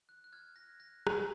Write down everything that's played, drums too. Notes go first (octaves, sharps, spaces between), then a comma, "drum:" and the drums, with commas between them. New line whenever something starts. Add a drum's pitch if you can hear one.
F#6
F#6
F6 G#6
F#6 A#6
F#6 A#6
drum: rim click
G#6